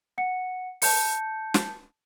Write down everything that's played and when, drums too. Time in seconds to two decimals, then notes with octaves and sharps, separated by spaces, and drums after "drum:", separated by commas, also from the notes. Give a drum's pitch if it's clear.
0.18 F#5 C#7
0.82 A5 G6 C#7, drum: open hi-hat
1.54 drum: snare